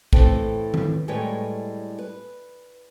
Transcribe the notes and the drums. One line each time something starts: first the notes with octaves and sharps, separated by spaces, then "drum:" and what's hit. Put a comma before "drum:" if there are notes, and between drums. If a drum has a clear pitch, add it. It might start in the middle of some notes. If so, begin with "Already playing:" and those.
A2 E3 C4 A4, drum: kick
drum: tom D#3
A2 G3 G#3 B4 C#5
B4